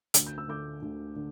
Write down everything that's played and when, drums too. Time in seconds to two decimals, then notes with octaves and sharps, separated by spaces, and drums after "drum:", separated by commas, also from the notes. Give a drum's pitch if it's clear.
0.14 D2, drum: hi-hat
0.27 G6
0.38 E6
0.48 D3 A3 D6 G6
0.82 D2
1.16 D3